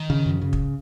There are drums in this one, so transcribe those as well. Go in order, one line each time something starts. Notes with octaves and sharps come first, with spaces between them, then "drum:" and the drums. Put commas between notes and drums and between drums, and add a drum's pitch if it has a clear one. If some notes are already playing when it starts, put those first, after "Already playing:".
Already playing: D#3
C#3
F#2
C#3
drum: kick